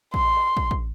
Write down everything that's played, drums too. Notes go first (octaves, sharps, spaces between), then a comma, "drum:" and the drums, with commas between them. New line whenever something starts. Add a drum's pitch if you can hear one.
C6, drum: kick
drum: kick
drum: kick